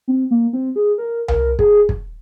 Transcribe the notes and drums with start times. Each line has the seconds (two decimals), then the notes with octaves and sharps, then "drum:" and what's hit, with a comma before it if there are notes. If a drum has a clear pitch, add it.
0.08 C4
0.31 A#3
0.53 C4
0.76 G#4
0.98 A#4
1.28 A#4, drum: tom C2
1.59 G#4, drum: kick
1.89 drum: kick